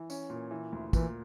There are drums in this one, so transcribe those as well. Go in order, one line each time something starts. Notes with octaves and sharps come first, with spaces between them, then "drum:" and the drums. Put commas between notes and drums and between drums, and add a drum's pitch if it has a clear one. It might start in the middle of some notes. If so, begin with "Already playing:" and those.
Already playing: E3
C#4, drum: tambourine
A#2
E3
D2
A#2 E3, drum: kick, tambourine